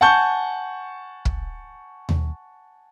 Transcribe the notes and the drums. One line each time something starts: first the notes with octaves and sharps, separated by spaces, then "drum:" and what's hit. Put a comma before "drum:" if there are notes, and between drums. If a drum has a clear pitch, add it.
F#5 G#5 A5 C#6 G6
drum: kick
drum: tom D#2